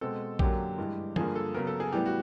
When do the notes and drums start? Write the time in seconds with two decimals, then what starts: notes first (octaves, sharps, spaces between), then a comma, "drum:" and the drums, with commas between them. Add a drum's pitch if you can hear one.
0.01 B2 G#3 C4 A4
0.39 F#2 D3 F#3 A#3 G4, drum: kick A#1
0.78 G2 E3 G#3
1.16 G2 D3 F3 A#3 G#4, drum: tom
1.35 A4
1.54 C#3 F#3 B3 A#4
1.67 A4
1.80 G#4
1.92 A2 E3 G3 B3 G4
2.06 F#4